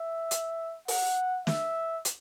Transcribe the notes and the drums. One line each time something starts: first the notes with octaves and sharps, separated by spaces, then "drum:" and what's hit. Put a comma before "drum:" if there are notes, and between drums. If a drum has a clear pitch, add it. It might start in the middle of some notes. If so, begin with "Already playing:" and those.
Already playing: E5
drum: hi-hat
F#5, drum: open hi-hat
E5, drum: snare
drum: hi-hat